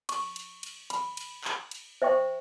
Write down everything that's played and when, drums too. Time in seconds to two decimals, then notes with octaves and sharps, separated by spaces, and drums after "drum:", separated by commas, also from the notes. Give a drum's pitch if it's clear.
0.09 C#6, drum: cymbal
0.36 drum: cymbal
0.63 drum: cymbal
0.90 B5, drum: cymbal
1.17 drum: cymbal
1.44 drum: clap
1.71 drum: cymbal
2.02 C5 E5 G5 C#6